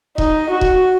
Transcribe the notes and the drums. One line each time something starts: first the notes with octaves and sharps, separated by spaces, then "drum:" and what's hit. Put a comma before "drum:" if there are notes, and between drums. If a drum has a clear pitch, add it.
D#4, drum: kick E1
F#4
drum: kick E1